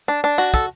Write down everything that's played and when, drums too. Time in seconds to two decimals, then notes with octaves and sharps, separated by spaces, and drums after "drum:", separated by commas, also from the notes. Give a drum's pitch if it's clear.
0.08 D4
0.24 D4
0.38 F#4
0.54 A4, drum: kick